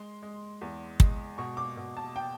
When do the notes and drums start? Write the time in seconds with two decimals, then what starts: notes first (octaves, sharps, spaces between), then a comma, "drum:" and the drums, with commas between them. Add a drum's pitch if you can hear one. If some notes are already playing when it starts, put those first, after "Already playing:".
Already playing: G#3 C6
0.22 G#3
0.61 E2
1.00 G#3, drum: kick
1.38 B2 C#6
1.57 D6
1.77 B2
1.97 A5
2.16 G5